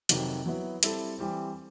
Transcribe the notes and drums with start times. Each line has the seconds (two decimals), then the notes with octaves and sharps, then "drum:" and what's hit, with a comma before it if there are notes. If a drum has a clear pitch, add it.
0.09 F2 C3 D#3 F#3, drum: hi-hat
0.46 F#3 B3 E4
0.83 G3 C4 E4 A4, drum: hi-hat
1.18 E3 G3 C4